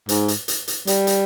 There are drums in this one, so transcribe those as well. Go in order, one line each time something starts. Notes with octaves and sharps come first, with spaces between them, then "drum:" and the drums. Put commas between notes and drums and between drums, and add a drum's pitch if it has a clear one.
G#2, drum: hi-hat
drum: hi-hat
drum: hi-hat
drum: hi-hat
G3, drum: hi-hat
drum: hi-hat